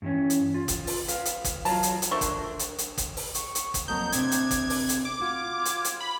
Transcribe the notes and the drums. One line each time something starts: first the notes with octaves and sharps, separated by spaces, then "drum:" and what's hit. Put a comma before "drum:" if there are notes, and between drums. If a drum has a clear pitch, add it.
G2 E3 C#4
drum: hi-hat
F4
drum: kick, hi-hat
drum: open hi-hat
B4 F5, drum: hi-hat
drum: hi-hat
drum: kick, hi-hat
F#3 F4 A5 A#5, drum: open hi-hat
drum: hi-hat
drum: hi-hat
A3 D4 A#4 C5 C#6
drum: kick, hi-hat
drum: hi-hat
drum: hi-hat
drum: kick, hi-hat
drum: open hi-hat
C#6, drum: hi-hat
drum: hi-hat
drum: kick, hi-hat
F2 F#3 A#3 A5 A#5 D#6 G6
C3 C4 D4 G#6, drum: hi-hat
drum: hi-hat
drum: kick, hi-hat
drum: open hi-hat
drum: hi-hat
D6
F4 F#4 G#6
drum: hi-hat
drum: hi-hat
B5